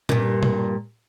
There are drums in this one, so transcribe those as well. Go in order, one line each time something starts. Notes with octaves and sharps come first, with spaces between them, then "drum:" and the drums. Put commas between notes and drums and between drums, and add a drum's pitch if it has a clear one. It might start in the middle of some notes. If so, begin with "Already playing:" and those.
G2 A#2, drum: tom B2
drum: tom